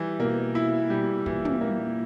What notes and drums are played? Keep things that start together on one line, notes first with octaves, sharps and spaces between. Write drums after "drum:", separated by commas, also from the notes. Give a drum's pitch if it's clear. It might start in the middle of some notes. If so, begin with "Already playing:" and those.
Already playing: E3 G3
B2 A#3
E4
B2 G3
A#2 E3, drum: kick
drum: tom
A#2 A#3